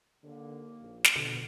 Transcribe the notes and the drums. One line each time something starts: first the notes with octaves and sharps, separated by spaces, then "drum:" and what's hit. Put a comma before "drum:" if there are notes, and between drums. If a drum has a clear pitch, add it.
D#2 D3 A#3
A#1
drum: snare
F2 B2 D3